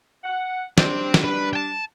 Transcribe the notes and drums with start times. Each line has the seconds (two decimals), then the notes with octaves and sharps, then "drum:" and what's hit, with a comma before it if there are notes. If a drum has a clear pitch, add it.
0.24 F#5
0.78 G3 C4 D4, drum: snare
1.14 drum: snare
1.24 B4
1.53 G5 A5